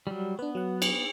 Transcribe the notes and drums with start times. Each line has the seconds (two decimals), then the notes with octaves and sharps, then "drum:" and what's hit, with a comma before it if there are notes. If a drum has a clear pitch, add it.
0.07 F#3 G3
0.39 B3 D4 B4
0.55 F#3 F#5
0.82 drum: cymbal